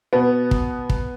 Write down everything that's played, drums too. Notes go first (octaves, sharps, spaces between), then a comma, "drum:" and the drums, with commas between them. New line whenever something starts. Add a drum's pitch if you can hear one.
B2 B3
drum: kick
drum: kick